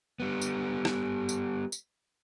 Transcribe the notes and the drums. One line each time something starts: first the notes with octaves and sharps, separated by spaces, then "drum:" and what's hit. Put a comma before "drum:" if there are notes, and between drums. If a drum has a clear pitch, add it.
G3 B3
drum: tambourine
drum: rim click
drum: tambourine
drum: tambourine